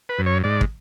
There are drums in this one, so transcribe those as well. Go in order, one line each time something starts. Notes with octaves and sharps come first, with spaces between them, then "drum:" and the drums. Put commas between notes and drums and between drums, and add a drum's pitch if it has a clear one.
B4
F#2
C#5
G#2 D5
drum: kick